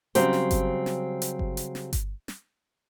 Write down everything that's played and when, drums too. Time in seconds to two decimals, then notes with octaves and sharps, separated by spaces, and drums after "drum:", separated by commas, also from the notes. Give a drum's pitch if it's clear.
0.15 C#3 F#3 G3 C4 G4 C5, drum: hi-hat
0.33 drum: snare
0.51 drum: kick G1, hi-hat
0.86 drum: snare
1.22 drum: hi-hat
1.39 drum: kick G1
1.57 drum: hi-hat
1.75 drum: snare
1.93 drum: kick G1, hi-hat
2.28 drum: snare